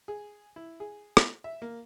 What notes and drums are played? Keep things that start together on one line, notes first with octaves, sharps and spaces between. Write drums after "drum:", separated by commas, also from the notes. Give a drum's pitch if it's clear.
G#4
E4
G#4
drum: rim click
E5
A#3